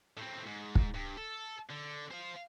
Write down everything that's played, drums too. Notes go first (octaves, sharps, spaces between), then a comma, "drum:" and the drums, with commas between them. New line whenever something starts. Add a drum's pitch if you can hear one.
A2 C4
G#2
drum: kick
G2
A4
D3
C5 F5